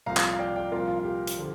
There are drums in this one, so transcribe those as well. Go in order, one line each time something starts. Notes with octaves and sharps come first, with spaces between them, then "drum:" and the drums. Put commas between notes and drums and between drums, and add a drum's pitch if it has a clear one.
C2 A#2 F3 F5 A#5
drum: clap
F5
D5 G5
D5 G5
C2 A#2 F3 F4 A#4
F4
F4
G4
drum: hi-hat
D3 F3